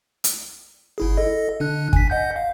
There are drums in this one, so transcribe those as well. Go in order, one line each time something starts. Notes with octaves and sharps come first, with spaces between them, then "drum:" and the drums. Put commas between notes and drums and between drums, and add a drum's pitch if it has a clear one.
drum: hi-hat
G1 E4 G#4
A4 D#5
D3 D4 F#6
G#5 B6, drum: kick
D#5 F#5 G6
F5